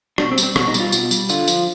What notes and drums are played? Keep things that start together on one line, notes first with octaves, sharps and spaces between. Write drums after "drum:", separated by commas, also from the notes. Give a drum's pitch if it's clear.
B2 D4, drum: rim click
C4
G3, drum: tambourine
C4
B2, drum: rim click
D#4
G3, drum: tambourine
F4
B2, drum: tambourine
G3, drum: tambourine
D3 F4, drum: tambourine
F3, drum: tambourine